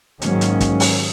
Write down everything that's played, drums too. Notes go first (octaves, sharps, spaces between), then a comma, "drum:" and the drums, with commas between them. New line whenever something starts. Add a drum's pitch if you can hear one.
G#2 D#3 F#3 A#3 C#4, drum: hi-hat
drum: hi-hat
drum: kick, hi-hat
drum: open hi-hat